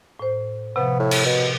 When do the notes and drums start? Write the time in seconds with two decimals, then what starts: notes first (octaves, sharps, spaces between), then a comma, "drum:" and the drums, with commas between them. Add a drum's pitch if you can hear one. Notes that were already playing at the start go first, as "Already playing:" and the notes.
0.19 A2 C5
0.76 C3 F3 B3
0.99 A2
1.11 drum: cymbal
1.26 B2